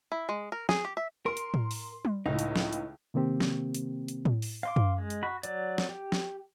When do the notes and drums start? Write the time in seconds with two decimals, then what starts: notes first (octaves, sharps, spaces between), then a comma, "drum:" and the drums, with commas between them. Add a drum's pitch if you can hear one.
0.12 E4
0.29 G#3
0.52 A#4
0.69 G#4, drum: snare
0.85 G4
0.97 E5
1.26 A#4 C6
1.37 drum: hi-hat
1.54 drum: tom A2
1.71 drum: open hi-hat
2.05 drum: tom G3
2.26 C#2 A2 D#4
2.39 drum: hi-hat
2.56 drum: snare
2.73 drum: hi-hat
3.14 C3 D#3 A#3 C4 G4
3.40 drum: snare
3.74 drum: hi-hat
4.08 drum: hi-hat
4.25 drum: tom A2
4.42 drum: open hi-hat
4.63 F5 C6 D6
4.76 drum: tom F#2
4.98 G#3
5.10 drum: hi-hat
5.23 F#4 B5
5.43 F#3 D5, drum: hi-hat
5.78 drum: snare
5.89 G4
6.12 drum: snare